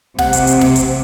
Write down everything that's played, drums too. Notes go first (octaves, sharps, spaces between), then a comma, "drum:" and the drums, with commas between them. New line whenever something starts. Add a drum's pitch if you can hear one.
C3 F#5, drum: snare
drum: hi-hat
drum: hi-hat
drum: snare
drum: hi-hat